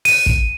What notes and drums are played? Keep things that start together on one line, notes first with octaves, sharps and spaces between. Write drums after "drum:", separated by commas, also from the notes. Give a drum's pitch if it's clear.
D#7, drum: open hi-hat
drum: kick